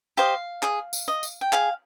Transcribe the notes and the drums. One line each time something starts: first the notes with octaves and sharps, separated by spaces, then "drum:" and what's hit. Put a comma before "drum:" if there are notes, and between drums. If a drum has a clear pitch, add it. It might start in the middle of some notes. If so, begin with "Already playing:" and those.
G4 C5 D#5 F5
G#4, drum: clap
drum: tambourine
D#5
drum: tambourine
G5
G#4 F5, drum: clap